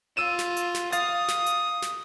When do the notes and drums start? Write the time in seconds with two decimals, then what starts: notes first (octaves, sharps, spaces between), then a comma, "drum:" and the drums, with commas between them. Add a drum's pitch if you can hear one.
0.17 F4 E6 D#7 E7
0.39 drum: snare
0.57 drum: hi-hat
0.75 drum: snare
0.92 F5 D#6 A6, drum: hi-hat
1.28 drum: snare
1.46 drum: hi-hat
1.82 drum: snare